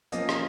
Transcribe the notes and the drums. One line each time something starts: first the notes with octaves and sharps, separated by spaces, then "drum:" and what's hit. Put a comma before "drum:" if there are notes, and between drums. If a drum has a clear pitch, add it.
F3 A#3 C#4 D#5, drum: hi-hat
drum: rim click